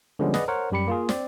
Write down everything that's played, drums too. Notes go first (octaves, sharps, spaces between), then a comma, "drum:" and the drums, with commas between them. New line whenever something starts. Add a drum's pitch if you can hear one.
D3 F3 G3 G#3 B3 C#4
G#4 B4 D5 D#5 F#5, drum: snare
A#4 C5 C#5 F#5
F#2 G3 G4 B5 C#7
A#3 F4 G#4
C4 D5, drum: snare